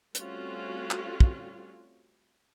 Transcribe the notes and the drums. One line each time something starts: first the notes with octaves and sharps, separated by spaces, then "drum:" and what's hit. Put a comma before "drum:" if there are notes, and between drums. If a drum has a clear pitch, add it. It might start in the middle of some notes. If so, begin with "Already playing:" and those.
G3 A3 C4 C#4 F4 F#4, drum: hi-hat
drum: clap
drum: kick